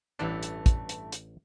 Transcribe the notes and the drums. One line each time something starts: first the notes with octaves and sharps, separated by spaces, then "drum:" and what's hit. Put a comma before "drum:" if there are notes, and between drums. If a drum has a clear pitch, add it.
A1 G2 E3 A3 D4
drum: hi-hat
drum: kick, hi-hat
drum: hi-hat
drum: hi-hat